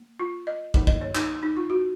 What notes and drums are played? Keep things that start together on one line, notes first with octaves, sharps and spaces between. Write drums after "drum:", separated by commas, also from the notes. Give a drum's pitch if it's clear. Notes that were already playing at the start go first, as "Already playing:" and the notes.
Already playing: A#3
F4
D#5
D#3 A#3 D#4, drum: kick
D#5, drum: kick
C#5
D#4, drum: clap
D#4
F4
F#4